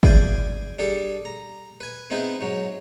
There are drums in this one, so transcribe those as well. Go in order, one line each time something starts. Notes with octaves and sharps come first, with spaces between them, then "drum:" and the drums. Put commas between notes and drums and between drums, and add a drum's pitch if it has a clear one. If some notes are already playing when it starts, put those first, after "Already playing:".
E4 G#4 D5 F5 G5 G#5, drum: kick
G3 D4 G#4 A4
A#5
B4 G#5
B3 C4 D#4 E4 G#4 B4
G#2 F#3